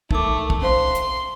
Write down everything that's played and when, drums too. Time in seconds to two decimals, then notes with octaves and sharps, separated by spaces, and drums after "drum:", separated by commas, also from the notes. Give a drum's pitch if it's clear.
0.11 A3 D#4 A#4 D6, drum: kick
0.50 drum: kick
0.62 C#4 C5 F5 C6
0.95 drum: hi-hat